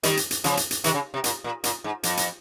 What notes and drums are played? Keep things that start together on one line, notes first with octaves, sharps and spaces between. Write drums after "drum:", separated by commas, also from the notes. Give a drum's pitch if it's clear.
D#3 G3, drum: hi-hat
drum: hi-hat
drum: hi-hat
C#3 F3, drum: hi-hat
drum: hi-hat
drum: hi-hat
C3 D#3, drum: hi-hat
C#3
C3
A#2, drum: hi-hat
A#2
A#2, drum: hi-hat
G#2
F2, drum: hi-hat
drum: hi-hat